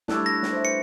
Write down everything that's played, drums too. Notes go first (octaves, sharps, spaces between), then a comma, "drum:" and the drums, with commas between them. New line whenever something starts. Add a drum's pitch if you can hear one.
G3 A3 D4 E4 A4 C#5, drum: snare
A#6
drum: snare
C5 E5
B4 C#7